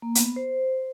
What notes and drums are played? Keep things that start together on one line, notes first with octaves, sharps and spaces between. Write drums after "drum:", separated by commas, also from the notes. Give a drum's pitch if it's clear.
A#3
B3, drum: hi-hat
C5